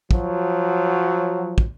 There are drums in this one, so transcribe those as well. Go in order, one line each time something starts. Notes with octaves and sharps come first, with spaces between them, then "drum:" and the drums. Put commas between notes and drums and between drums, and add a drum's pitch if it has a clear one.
F3 F#3, drum: kick
drum: kick